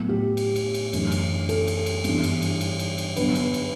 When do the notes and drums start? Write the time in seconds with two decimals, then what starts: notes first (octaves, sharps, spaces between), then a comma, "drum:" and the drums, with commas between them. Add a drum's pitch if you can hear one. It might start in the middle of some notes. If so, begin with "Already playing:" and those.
Already playing: A2 F#3 B3
0.09 G4
0.37 drum: cymbal
0.56 drum: cymbal
0.74 drum: cymbal
0.93 F#2 E3 A3 D4, drum: cymbal
1.12 drum: cymbal
1.49 A4, drum: cymbal
1.68 drum: cymbal
1.86 drum: cymbal
2.04 G2 E3 B3 D4, drum: cymbal
2.23 drum: cymbal
2.42 drum: cymbal
2.61 drum: cymbal
2.79 drum: cymbal
2.98 drum: cymbal
3.16 D3 F#3 B3 D4 B4, drum: cymbal
3.35 drum: cymbal
3.54 drum: cymbal